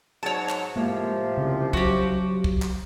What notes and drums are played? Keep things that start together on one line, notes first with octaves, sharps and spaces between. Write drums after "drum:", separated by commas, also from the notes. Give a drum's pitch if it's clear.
G#2 F#3 C#5 A5
drum: clap
A2 C3 F3 G#3 A#3
C2 C#3
F#3 F#4 G4, drum: kick
drum: kick
drum: clap